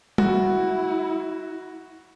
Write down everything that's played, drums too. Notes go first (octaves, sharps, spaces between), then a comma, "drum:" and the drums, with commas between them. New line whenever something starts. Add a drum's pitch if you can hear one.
E4 F#4, drum: tom G3